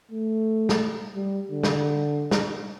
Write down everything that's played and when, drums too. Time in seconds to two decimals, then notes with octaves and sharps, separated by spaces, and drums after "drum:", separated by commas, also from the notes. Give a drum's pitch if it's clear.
0.11 A3
0.69 drum: snare
1.15 G3
1.51 D3
1.63 drum: snare
2.31 drum: snare